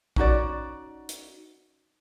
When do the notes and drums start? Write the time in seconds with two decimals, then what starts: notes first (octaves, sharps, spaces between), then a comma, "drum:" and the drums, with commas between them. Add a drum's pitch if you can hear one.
0.16 C#4 D#4 F#4 D5, drum: kick A#1
1.09 drum: hi-hat